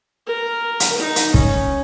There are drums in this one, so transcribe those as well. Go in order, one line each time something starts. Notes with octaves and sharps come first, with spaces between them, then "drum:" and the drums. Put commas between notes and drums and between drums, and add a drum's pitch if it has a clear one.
A#4
drum: hi-hat
D#4
drum: hi-hat
C#4, drum: kick